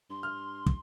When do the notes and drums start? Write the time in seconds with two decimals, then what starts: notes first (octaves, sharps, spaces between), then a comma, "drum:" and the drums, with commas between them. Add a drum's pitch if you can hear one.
0.10 G2 C6
0.23 F6
0.66 drum: kick